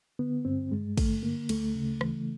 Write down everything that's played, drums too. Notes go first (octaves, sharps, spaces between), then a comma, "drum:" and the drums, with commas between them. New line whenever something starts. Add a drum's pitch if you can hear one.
D3 B3
G2 C4
G2 G#3
D3 A3, drum: kick, cymbal
D3 A#3
D2 A3, drum: cymbal
C#3
E3, drum: rim click